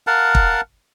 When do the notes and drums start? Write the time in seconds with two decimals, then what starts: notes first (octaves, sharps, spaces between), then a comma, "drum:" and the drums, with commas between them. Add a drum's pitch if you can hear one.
0.07 A#4 F5 F#5 A5
0.35 drum: kick